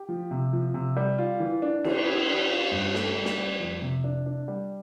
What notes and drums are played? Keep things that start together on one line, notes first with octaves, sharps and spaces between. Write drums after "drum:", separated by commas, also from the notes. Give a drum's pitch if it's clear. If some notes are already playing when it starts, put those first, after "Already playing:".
Already playing: G4
F3
C3
F3
C3
G3
F4
E3
D4
E3, drum: cymbal
E4
D4
F4
G2
A3, drum: snare
G3
drum: snare
G3
F2
C3
D4
D4
G3